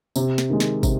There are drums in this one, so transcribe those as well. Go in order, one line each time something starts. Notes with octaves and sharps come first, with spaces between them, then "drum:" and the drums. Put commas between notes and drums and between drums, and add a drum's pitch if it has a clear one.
C3, drum: tambourine
drum: snare
D#3 G#3
drum: snare
C3, drum: kick, tambourine